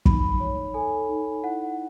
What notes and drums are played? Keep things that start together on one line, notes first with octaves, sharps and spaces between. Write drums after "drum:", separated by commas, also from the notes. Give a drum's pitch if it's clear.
D#4 B5, drum: kick
C#5
A4 G#5
D#4
E4 F#5